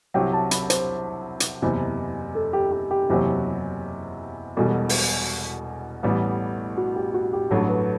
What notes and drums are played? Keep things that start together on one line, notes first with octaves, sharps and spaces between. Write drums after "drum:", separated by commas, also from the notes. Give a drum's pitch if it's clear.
C2 C3 F#3 G5
A5
B5, drum: hi-hat
C5, drum: hi-hat
drum: hi-hat
F#1 E2 C3
A4
G4
G4
G4
F#1 E2 C3 F#3
E1 E2 B2 G3 A4
drum: open hi-hat
A1 A2 E3 G3 B3
F#4
G4
F#4
G4
A1 G2 F#3 A3 A4
B4